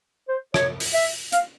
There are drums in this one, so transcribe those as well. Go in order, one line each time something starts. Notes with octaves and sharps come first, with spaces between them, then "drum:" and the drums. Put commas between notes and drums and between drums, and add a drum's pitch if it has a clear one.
C5
C#5, drum: rim click
drum: open hi-hat
E5
F5, drum: hi-hat